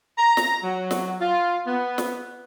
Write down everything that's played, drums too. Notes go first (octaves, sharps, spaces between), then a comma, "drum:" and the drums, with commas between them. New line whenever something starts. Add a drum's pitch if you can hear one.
A#5
drum: snare
F#3
drum: snare
F4
B3
drum: snare